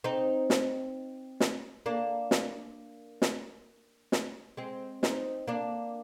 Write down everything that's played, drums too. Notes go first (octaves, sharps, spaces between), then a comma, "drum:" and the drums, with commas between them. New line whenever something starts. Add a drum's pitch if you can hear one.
C4 D#4
drum: snare
drum: snare
A#3 D4
drum: snare
drum: snare
drum: snare
G#3 C4
C4 D#4, drum: snare
A#3 D4